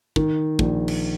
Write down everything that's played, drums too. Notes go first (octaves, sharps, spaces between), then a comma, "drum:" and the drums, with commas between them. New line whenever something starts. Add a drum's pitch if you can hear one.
D#3, drum: kick
A#1, drum: kick
drum: cymbal